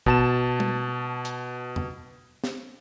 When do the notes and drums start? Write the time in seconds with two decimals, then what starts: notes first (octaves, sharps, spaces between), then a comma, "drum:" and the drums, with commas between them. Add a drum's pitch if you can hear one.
0.06 B2 A5 E7, drum: kick
0.60 drum: tom G3
1.25 drum: hi-hat
1.76 drum: tom E2
2.44 drum: snare